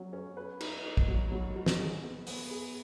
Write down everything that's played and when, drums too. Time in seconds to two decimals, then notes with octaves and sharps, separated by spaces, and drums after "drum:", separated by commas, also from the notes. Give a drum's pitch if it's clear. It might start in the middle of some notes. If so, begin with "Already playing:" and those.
Already playing: F#3 C#4
0.13 C#4
0.37 B4
0.60 D#4, drum: cymbal
0.84 D#4
0.97 drum: kick
1.08 F#3
1.32 F#3
1.56 F#3
1.66 drum: snare
1.79 G#4
2.03 B3
2.27 B3, drum: open hi-hat
2.51 G#4